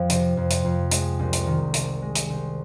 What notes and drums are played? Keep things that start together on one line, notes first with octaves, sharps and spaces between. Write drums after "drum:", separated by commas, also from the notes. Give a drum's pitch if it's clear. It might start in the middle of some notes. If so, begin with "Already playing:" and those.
Already playing: F2 F3
C3, drum: hi-hat
F2
drum: hi-hat
F2
G#3, drum: hi-hat
C2
drum: hi-hat
D#3
C3, drum: hi-hat
G#3
drum: hi-hat
C2